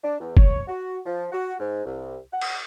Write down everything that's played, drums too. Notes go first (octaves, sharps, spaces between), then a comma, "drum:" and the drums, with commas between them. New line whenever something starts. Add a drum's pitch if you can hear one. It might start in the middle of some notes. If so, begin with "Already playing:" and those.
D4
E2
C#5, drum: kick
F#4
F3
F#4
G#2
C2
F#5
drum: cymbal